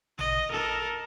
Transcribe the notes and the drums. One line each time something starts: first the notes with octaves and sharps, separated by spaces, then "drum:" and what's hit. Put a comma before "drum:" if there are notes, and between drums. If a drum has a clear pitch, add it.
D#5, drum: tom A1
A4 A#4